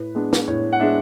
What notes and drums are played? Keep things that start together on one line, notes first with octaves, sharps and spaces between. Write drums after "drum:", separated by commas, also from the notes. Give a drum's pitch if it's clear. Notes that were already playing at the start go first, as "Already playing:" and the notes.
Already playing: A2 B4
G#3 B3 D4
drum: snare
A2 C#5
F#5
G#3 B3 D4 E5